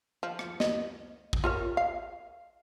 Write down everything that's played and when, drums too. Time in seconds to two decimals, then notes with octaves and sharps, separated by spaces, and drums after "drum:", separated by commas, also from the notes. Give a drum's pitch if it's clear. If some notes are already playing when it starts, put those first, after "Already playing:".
0.23 F3
0.39 drum: rim click
0.60 D#5, drum: snare
1.33 drum: kick
1.44 F4 A#4 C#5
1.77 F5